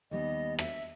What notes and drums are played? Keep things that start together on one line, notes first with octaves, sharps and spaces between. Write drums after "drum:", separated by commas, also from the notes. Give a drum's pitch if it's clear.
D#2 G3 B3 D#5
E5, drum: rim click